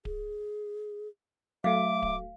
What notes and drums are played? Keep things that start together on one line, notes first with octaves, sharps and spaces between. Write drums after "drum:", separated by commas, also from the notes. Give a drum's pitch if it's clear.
G#4, drum: kick D1
F#3 A3 E5 F5 D6
drum: kick D1